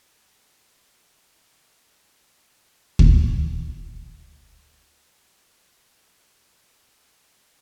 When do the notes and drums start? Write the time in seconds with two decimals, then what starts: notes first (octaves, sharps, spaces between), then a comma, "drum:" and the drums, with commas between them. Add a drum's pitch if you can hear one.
0.24 E4
0.38 D#3
0.50 A4
0.65 G4
0.80 G#2
0.92 F#3
1.09 D#5
1.27 D3
1.43 D3
1.57 A3
2.27 G#4
2.99 drum: kick D2
3.48 C4
5.71 F3 E4
6.31 G1
6.89 D#6
7.33 E1 G2 B3 G4 B4